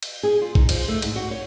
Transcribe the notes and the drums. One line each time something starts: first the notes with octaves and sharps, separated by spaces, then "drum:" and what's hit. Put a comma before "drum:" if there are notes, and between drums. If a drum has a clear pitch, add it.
drum: cymbal
G#4
F4
D#4, drum: kick
F3, drum: cymbal
A3
G#2, drum: cymbal
F#4
C#5